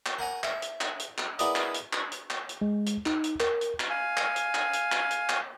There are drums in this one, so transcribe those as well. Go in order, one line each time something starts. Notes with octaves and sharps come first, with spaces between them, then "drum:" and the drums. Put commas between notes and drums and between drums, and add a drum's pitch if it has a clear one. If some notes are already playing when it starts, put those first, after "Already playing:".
drum: clap
A#4 F#5 G#5 A#5
E5, drum: clap
drum: hi-hat
drum: clap
drum: hi-hat
drum: clap
B3 E4 G#4 A#4 D5 D#5, drum: hi-hat
drum: clap
drum: hi-hat
drum: clap
drum: hi-hat
drum: clap
drum: hi-hat
G#3
drum: hi-hat
D#4, drum: clap
drum: hi-hat
A#4, drum: clap
drum: hi-hat
drum: clap
F5 G#5
drum: clap
drum: hi-hat
drum: clap
drum: hi-hat
drum: clap
drum: hi-hat
drum: clap